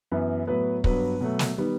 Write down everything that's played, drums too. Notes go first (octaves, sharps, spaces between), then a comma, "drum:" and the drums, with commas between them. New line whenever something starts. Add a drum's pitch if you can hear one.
F#2 E3 B3
A2 F#3 B3 B4
G2 F#3 B3 B4, drum: kick
B2 F#3 A3
drum: snare
D#3 G3 B3